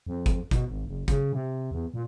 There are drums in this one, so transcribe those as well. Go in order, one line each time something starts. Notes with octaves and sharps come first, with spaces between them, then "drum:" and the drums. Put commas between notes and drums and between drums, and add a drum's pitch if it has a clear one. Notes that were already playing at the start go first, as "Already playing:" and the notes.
F2
drum: kick, hi-hat
B2, drum: kick, hi-hat
G#1
F#1
C#3, drum: kick, hi-hat
C3
E2
A#2